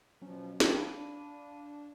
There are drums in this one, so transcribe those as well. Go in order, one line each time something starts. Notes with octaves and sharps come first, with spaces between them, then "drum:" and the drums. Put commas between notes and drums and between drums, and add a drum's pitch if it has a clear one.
B2 F3 F#3 C#4
D4 G5, drum: snare
F5 B5 D#7